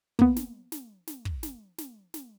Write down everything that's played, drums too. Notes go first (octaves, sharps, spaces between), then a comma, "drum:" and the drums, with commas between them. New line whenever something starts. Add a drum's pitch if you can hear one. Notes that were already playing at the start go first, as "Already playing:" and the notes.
A#3 B3, drum: kick
drum: snare
drum: snare
drum: snare
drum: kick
drum: snare
drum: snare
drum: snare